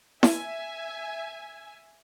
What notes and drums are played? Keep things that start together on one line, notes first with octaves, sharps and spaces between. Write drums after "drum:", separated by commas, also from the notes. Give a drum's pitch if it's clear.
E5 G#5, drum: snare E4